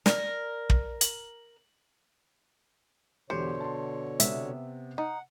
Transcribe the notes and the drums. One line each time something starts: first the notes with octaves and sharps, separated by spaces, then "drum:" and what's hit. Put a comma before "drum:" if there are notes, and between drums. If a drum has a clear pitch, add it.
A#4 D5, drum: snare
drum: kick
F#7, drum: hi-hat
E2 B2 D3 G4 C5 C#5 C#7
A5 C6
C3 B3 E5, drum: hi-hat
D#4 F#5